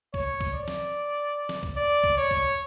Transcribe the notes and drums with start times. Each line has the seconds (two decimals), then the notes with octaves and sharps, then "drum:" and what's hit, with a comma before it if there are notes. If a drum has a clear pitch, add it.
0.14 C#5, drum: kick C2
0.40 drum: kick C2
0.54 D5
0.68 drum: snare
1.49 drum: snare
1.63 drum: kick C2
1.77 D5
2.04 drum: kick C2
2.17 C#5
2.31 drum: kick C2